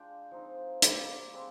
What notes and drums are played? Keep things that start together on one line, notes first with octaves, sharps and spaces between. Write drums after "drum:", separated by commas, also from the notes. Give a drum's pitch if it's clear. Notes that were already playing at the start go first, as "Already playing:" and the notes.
Already playing: G#3 D4 F4 G5
F3 C4 D#4
G3 A#3 F4 D6, drum: hi-hat
G#3 C4